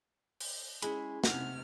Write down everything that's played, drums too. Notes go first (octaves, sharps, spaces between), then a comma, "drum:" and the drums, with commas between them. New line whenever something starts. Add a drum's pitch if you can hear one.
drum: open hi-hat
G#3 C#4 E4 B5, drum: hi-hat
C3 F#5 F6, drum: snare